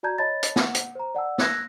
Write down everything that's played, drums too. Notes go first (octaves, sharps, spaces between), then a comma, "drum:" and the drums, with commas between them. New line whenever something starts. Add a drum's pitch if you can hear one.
F#4 D5 A5 A#5 G6 G#6
C#5 D#5 A5 B5 A6
drum: hi-hat
F#5, drum: snare
drum: hi-hat
C5 A#5
D5 F#5 A5 E6
E6 F#6 G#6 A#6, drum: snare